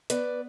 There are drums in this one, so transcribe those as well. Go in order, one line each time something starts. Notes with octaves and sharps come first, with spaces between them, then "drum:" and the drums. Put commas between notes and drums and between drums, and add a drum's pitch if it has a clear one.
B3 B4 D5, drum: hi-hat